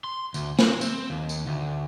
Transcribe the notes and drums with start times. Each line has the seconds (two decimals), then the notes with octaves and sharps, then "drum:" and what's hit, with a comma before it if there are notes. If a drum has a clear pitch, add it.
0.04 C6
0.34 D2, drum: tambourine
0.59 C4, drum: snare
0.81 C4, drum: tambourine
1.10 D#2
1.29 drum: tambourine
1.46 D2